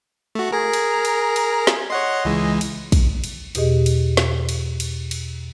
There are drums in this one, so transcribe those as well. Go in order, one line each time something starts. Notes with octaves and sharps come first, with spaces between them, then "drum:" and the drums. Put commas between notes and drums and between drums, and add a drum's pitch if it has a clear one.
A3 F#4
G#4 A#4 A#5
drum: cymbal
drum: cymbal
drum: cymbal
drum: snare
C#5 D#5 F#5 C6
C#2 E3 G#3
drum: cymbal
drum: kick, cymbal
drum: cymbal
E2 B2 G4 G#4 D#5, drum: cymbal
drum: cymbal
drum: snare
drum: cymbal
drum: cymbal
drum: cymbal